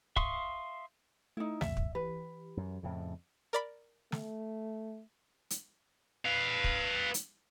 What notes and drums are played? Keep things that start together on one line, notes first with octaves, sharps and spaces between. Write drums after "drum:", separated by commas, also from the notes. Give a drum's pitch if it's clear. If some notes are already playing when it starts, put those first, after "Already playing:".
E5 F5 C6 C#6 D#6, drum: kick
A3 D#4 E4
C2 F2 A#2 E5, drum: snare
drum: kick
E3 G4 B4
F#2
F2 A2 C#3
A#4 D5 B5
A3, drum: snare
drum: hi-hat
B4 F5
drum: kick
drum: hi-hat